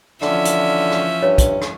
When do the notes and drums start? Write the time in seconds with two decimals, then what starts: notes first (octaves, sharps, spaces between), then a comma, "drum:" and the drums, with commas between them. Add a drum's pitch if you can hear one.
0.22 D3 E3 F3 C#4 E5, drum: rim click
0.45 drum: hi-hat
0.92 drum: rim click
1.22 G2 C#5
1.38 drum: kick, hi-hat
1.62 drum: rim click